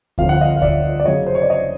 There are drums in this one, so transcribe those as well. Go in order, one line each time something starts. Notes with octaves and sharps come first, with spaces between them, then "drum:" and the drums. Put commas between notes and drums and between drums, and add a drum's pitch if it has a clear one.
G1 F2 D3 F5, drum: kick D2
F#5
D#5 F5
F5
D5 E5, drum: kick D2
D5
F#1 F#2 C#3 C#5 D#5
C5
C#5
D5
C#5 D#5